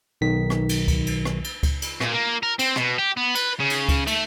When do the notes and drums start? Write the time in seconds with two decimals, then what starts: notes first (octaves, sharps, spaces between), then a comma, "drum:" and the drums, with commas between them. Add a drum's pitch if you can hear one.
0.21 B1 D#3 B6
0.50 drum: rim click
0.69 drum: cymbal
0.88 drum: kick C#2, cymbal
1.07 drum: cymbal
1.25 drum: rim click
1.44 drum: cymbal
1.63 drum: kick C#2, cymbal
1.82 drum: cymbal
2.01 A#2, drum: rim click
2.13 A#3
2.43 A#4
2.59 C4, drum: cymbal
2.76 B2, drum: rim click
2.98 G4
3.17 B3
3.35 B4, drum: cymbal
3.60 C#3
3.70 drum: cymbal
3.89 drum: kick C#2, cymbal
4.07 A3, drum: cymbal